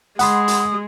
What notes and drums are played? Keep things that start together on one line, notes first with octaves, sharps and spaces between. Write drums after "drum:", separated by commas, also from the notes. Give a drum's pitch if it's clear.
G#3 F#5 B5 C6 D#6, drum: hi-hat
drum: hi-hat